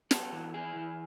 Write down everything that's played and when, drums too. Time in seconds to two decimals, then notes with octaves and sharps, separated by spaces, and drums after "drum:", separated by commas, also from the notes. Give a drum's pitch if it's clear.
0.11 B3 F#4 A4, drum: snare
0.33 E3
0.54 E4 G#4
0.76 E3